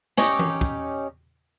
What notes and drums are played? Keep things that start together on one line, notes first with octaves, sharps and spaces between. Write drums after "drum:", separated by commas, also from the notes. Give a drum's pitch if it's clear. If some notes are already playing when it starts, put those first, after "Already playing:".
C#4 D#4 G4, drum: snare
drum: tom E3
drum: kick